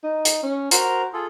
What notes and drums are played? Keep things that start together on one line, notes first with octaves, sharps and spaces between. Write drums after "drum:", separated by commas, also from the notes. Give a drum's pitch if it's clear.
D#4
drum: hi-hat
C#4
F#4 A#4 C5 A#5, drum: hi-hat
F4 G#4 A4